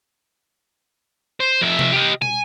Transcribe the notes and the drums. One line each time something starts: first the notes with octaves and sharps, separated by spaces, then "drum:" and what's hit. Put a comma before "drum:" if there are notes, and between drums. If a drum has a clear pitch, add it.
C5
F2 E5
drum: tom C3
G4 D#5
G#5, drum: tom B2